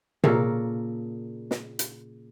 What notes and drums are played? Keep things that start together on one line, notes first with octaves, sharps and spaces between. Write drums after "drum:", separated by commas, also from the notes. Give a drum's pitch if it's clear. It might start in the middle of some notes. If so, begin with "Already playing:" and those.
A#2 C#3 A4 A#4, drum: tom C3
drum: snare
drum: hi-hat